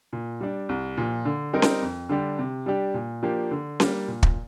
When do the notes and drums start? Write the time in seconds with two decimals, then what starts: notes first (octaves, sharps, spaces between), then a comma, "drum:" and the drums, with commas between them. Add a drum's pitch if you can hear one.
0.13 A#2
0.41 G3 D4
0.69 C2
0.97 A#2 F3
1.25 D3
1.53 G3 C4 D#4 A#4
1.62 drum: snare C#4
1.82 F2
2.09 D3 G3 D4 G4
2.39 C3
2.66 G3 D4 G4
2.94 A#2
3.23 F3 A#3 D4 G4
3.51 D3
3.80 G3 A#3 D4, drum: snare C#4
4.08 A#2
4.23 drum: kick